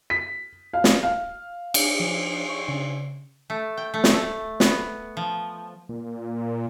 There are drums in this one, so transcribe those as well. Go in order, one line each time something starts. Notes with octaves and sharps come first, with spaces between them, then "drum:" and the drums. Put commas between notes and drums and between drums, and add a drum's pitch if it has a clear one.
B6
F5
drum: snare
F5
drum: cymbal
F3
C#6
C#3
A3
G5
A3
drum: snare
A3
B3, drum: snare
F3
A#2